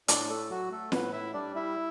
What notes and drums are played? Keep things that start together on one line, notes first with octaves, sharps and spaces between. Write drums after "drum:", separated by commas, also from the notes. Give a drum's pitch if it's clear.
A2 D4 D5, drum: hi-hat
A3 A4
F#3 F#4
A3 A4
A2 B3 B4, drum: snare
E4 E5
G3 D4 D5
E4 E5